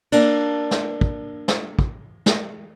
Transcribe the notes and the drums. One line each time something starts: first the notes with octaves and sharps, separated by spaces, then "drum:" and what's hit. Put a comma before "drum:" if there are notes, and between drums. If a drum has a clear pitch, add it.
A#3 D4, drum: cymbal
drum: snare
drum: kick
drum: snare
drum: kick
drum: snare